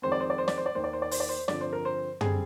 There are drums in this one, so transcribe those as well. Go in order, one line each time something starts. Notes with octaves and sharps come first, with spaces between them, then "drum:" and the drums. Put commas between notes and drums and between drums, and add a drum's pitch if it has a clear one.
F2 D#3 G#3 C4 C5
D5
C5
D5
C5
D5, drum: snare
C5
D5
D#2 D#3 A#3 C5
D5
C5
D5
C5, drum: open hi-hat
D5
C5
G2 D3 F3 C4 D5, drum: snare
C5
A#4
C5
D3 G3 C4 G#4, drum: tom